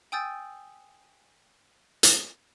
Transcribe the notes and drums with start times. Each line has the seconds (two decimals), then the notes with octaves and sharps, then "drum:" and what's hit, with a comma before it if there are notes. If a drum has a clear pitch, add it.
0.12 G5 G#5 D#6 E6 G6 A6
2.03 drum: hi-hat